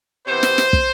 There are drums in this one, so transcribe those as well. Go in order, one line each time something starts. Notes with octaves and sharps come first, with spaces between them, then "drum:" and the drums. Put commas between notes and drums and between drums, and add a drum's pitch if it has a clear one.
C3 E3 B3 C5
drum: snare
drum: snare
drum: kick